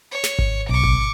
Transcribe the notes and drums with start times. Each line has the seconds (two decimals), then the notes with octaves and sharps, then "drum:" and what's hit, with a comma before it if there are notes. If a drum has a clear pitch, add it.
0.11 C#5
0.24 drum: snare
0.39 drum: kick G#1
0.69 B1 C#6 D6
0.83 drum: kick G#1